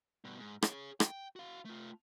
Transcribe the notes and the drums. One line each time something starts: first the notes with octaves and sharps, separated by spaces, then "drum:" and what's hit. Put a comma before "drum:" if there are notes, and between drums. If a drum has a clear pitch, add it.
G2 B2
G#2
G#4 C#5, drum: rim click
G5, drum: rim click
F#4 F5
A3 F4